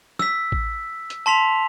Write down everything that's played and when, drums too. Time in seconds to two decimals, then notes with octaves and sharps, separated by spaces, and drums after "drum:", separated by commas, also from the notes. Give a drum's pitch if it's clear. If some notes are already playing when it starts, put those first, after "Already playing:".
0.19 E6 B6, drum: snare
0.52 drum: kick A1
1.10 drum: hi-hat
1.26 A5 C6 B6 F7